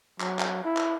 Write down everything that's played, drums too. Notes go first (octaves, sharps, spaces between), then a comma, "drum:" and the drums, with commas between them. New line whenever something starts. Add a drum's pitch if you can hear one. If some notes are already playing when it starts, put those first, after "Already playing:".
F#3, drum: clap
drum: clap
E4
drum: clap